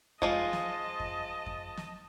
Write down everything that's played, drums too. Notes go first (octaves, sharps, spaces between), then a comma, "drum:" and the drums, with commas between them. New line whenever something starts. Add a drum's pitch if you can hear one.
F3 G#3 F4 D#5 A5, drum: kick F2
drum: snare
drum: kick F2
drum: kick F2
drum: snare